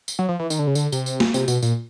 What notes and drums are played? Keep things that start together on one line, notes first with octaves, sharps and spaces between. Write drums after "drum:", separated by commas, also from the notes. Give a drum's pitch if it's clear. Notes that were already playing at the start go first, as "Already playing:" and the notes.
drum: tambourine
F#3
F3
E3
D#3, drum: tambourine
D3
C#3
D3, drum: tambourine
C3, drum: tambourine
drum: tambourine
drum: snare
C3, drum: tambourine
B2, drum: tambourine
A#2, drum: tambourine